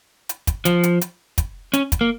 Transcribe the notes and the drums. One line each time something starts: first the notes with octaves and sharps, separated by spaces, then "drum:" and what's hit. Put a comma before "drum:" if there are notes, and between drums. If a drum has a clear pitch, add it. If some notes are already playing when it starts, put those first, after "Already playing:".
drum: hi-hat
drum: kick, hi-hat
F3, drum: hi-hat
drum: hi-hat
drum: hi-hat
drum: kick, hi-hat
C#4, drum: hi-hat
drum: kick, hi-hat
A#3